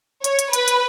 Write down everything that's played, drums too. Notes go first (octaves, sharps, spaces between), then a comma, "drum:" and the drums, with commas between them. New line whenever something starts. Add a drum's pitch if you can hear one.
C#5, drum: hi-hat
drum: hi-hat
B4, drum: hi-hat
drum: hi-hat